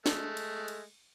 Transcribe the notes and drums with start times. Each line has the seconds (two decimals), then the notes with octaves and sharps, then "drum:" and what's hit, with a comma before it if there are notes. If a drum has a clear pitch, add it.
0.06 G#3 A3, drum: snare
0.37 drum: cymbal
0.68 drum: cymbal